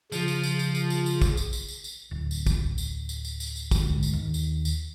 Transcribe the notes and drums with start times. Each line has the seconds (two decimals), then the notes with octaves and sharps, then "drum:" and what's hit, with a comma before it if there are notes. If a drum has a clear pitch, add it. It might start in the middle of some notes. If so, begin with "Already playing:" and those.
0.12 C#3 F3, drum: tambourine
0.28 drum: tambourine
0.43 drum: tambourine
0.59 drum: tambourine
0.75 drum: tambourine
0.90 drum: tambourine
1.06 drum: tambourine
1.22 drum: kick, tambourine
1.37 drum: tambourine
1.53 drum: tambourine
1.68 drum: tambourine
1.84 drum: tambourine
2.11 D1
2.31 drum: tambourine
2.46 drum: kick, tambourine
2.78 drum: tambourine
3.09 drum: tambourine
3.25 drum: tambourine
3.40 drum: tambourine
3.56 drum: tambourine
3.71 drum: kick, tambourine
3.82 D2 G#2
4.03 drum: tambourine
4.13 D#2
4.34 drum: tambourine
4.65 drum: tambourine